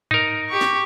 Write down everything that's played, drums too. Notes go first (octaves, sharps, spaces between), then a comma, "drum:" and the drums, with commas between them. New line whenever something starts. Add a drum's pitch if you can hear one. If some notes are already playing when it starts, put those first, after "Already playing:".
D#4 A#4, drum: tom G2
G4 C#6
drum: snare